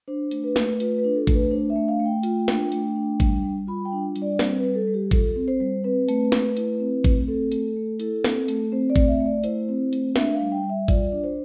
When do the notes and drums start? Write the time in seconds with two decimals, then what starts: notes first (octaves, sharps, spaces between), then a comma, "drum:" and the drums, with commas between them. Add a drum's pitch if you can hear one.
0.08 D4 C5
0.31 A3, drum: hi-hat
0.44 B4
0.56 A3, drum: snare
0.80 F4 B4, drum: hi-hat
0.98 B4
1.04 D4
1.16 A4
1.27 A3, drum: kick G#1, hi-hat
1.34 B4
1.51 D4 C5
1.70 E5
1.76 A3
1.88 F5
2.00 A3
2.05 G5
2.23 F4, drum: hi-hat
2.48 D4, drum: snare
2.72 A3, drum: hi-hat
2.96 D4
3.20 G3, drum: kick G#1, hi-hat
3.44 G3
3.67 F4 B5
3.85 G5
3.92 D4
4.15 G3, drum: hi-hat
4.22 D5
4.39 C4 C5, drum: snare
4.58 B4
4.64 G3
4.75 A4
4.88 G3
4.94 G4
5.11 F4 A4, drum: kick G#1, hi-hat
5.36 C4
5.48 C5
5.60 G3
5.84 C4 B4
6.08 A3, drum: hi-hat
6.32 A3, drum: snare
6.57 E4, drum: hi-hat
6.80 C4
7.04 A3, drum: kick G#1, hi-hat
7.28 C4 A4
7.52 A3, drum: hi-hat
7.77 A3
7.99 E4 A4, drum: hi-hat
8.24 C4, drum: snare
8.48 A3, drum: hi-hat
8.72 C4 C5
8.90 D5
8.96 A3, drum: kick G#1
9.08 E5
9.21 A3
9.26 D5
9.44 E4 C5, drum: hi-hat
9.69 C4
9.93 A3, drum: hi-hat
10.16 D4 E5, drum: snare
10.34 F5
10.40 G3
10.52 G5
10.64 G3
10.70 E5
10.88 F4 D5, drum: kick G#1, hi-hat
11.12 D4
11.24 C5